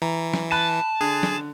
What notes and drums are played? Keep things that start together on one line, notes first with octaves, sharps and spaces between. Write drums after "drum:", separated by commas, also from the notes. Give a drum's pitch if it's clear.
E3 A#5
drum: snare
A5 B5 F#6 D#7
D3 G#4
drum: snare